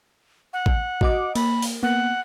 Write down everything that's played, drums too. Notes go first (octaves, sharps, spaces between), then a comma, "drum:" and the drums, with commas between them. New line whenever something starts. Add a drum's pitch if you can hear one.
F#5
drum: kick A1
F#4 D#5 D6, drum: kick A1
A#3 B5, drum: cymbal
drum: open hi-hat
A#3 B3 F#5